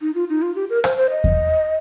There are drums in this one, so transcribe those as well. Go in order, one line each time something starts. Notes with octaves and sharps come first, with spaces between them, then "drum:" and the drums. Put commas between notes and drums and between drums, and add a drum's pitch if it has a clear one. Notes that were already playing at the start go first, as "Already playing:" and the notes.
D#4
F4
D#4
F4
G4
A#4
C5, drum: rim click
C5
D#5
drum: kick E2